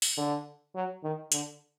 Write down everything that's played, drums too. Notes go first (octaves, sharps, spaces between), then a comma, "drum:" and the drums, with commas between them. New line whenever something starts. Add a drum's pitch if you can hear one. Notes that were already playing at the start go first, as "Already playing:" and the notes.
drum: open hi-hat
D3
F#3
D#3
D3, drum: hi-hat